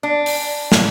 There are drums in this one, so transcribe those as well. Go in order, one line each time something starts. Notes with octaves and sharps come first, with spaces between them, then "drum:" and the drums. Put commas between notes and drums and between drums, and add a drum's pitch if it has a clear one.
D4
drum: open hi-hat
drum: snare